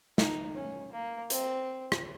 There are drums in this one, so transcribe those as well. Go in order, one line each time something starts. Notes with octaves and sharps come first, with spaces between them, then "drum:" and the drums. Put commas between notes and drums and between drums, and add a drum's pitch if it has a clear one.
D#4, drum: snare
C#4
A#3
C4, drum: hi-hat
drum: rim click